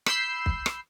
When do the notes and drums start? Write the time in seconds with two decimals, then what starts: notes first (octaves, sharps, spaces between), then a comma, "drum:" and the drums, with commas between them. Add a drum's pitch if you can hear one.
0.06 B5 E6 G6 C7, drum: rim click
0.46 drum: kick
0.66 drum: rim click